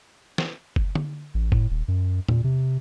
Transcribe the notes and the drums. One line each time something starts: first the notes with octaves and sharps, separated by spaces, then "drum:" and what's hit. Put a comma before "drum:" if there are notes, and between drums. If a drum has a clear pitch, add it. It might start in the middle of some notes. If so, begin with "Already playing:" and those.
drum: snare
drum: kick F#1
drum: tom D3
A1
A2, drum: kick F#1
D#1
F#2
A#2, drum: tom E2
C3